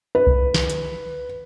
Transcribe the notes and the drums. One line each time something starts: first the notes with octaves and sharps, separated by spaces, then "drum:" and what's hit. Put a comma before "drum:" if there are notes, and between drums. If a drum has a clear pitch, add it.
B4
drum: kick C2
drum: snare
drum: hi-hat